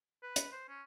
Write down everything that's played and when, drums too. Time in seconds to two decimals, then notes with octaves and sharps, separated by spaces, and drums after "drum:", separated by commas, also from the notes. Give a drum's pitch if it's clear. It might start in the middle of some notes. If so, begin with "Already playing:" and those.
0.23 B4
0.36 drum: hi-hat
0.52 C5
0.69 C#4